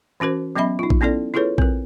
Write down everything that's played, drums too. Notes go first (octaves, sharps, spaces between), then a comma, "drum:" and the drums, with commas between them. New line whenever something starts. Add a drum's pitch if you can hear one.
E3 C#4 F#4 A#4 C5
F#3 B3 C#4 D#5 E5 B5
D#4 F4
drum: kick A#1
B3 C#4 E4 A4 D5
E4 F4 G#4 A4 B4 C#5
C4 A#4, drum: kick A#1